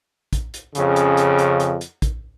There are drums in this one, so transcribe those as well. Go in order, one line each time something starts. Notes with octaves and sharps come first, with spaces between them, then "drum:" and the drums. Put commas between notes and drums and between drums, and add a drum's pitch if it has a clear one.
drum: kick, hi-hat
drum: hi-hat
F2 C#3, drum: hi-hat
drum: hi-hat
drum: hi-hat
drum: hi-hat
drum: hi-hat
drum: hi-hat
drum: kick, hi-hat